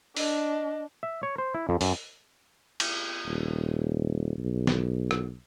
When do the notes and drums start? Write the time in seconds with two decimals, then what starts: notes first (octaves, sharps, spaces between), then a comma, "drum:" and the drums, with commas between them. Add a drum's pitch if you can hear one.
0.17 D4 D#5, drum: open hi-hat
1.03 E5
1.23 C#5
1.38 C5
1.54 E4
1.69 F2
1.81 F#2, drum: open hi-hat
2.80 drum: cymbal
3.26 D#1
4.38 B1
4.67 drum: snare
5.11 drum: rim click